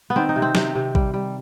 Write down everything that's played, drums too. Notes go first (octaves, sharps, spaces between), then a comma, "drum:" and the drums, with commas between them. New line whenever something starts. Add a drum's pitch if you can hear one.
B3
D#3 C4
D#4
C3
C4
C3, drum: snare
C3
G3, drum: kick A1
G3